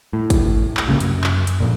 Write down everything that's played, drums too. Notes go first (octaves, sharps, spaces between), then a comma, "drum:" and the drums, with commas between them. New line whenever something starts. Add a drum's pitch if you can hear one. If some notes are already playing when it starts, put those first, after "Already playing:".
A2
drum: kick, hi-hat
drum: clap
C2 C#3 F#3 A#3
F#2, drum: hi-hat
drum: clap
drum: hi-hat
F2 A#2